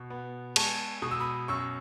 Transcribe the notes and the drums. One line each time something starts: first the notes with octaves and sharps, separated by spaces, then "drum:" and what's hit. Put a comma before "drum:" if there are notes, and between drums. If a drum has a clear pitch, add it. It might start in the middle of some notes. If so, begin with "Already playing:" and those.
Already playing: B2
B3
G#3 A5 C#6, drum: cymbal
B2 D#6
E6
B5 D#6
F#2 C#6 E6